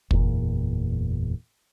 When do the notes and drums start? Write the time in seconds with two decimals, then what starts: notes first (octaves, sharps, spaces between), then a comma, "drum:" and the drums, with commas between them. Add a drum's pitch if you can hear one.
0.11 F#1 E2 A#2, drum: kick